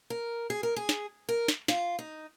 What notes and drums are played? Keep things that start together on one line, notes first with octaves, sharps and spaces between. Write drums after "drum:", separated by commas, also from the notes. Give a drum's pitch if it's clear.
A#4
G#4
A#4
G#4
drum: snare
A#4
drum: snare
F4, drum: snare
D#4